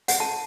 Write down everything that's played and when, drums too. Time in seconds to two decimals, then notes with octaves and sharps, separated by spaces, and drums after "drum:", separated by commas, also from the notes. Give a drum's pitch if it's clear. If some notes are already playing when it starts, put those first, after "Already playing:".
0.08 F#5, drum: hi-hat
0.20 A5